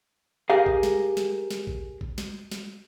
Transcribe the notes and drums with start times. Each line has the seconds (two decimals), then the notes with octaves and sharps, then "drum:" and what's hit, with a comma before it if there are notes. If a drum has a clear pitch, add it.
0.50 G4 G#4 A#4 F5
0.66 drum: kick A1
0.83 drum: snare
1.17 drum: snare
1.51 drum: snare
1.67 drum: kick A1
2.01 drum: kick A1
2.18 drum: snare
2.52 drum: snare